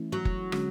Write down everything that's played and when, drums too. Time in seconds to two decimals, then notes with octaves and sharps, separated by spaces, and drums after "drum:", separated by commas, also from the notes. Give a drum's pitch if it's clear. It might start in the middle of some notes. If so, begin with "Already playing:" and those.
Already playing: E3 A3 C#4 E4
0.12 F#3
0.25 drum: kick F#1
0.52 D3 G#3 C#4 F#4, drum: rim click